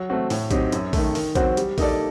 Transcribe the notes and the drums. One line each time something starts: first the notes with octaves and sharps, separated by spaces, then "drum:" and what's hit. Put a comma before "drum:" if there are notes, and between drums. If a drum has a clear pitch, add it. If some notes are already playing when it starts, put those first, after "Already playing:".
Already playing: F#3
A3 C4 F#4
A2, drum: open hi-hat
F#3 C4 D#4 G4, drum: kick, hi-hat
F#2, drum: hi-hat
D#3 A3, drum: kick, open hi-hat
D#3, drum: open hi-hat
F#3 C4 F#4 C5, drum: kick, hi-hat
G3, drum: hi-hat
A#3 D#4 A4 D5, drum: kick, open hi-hat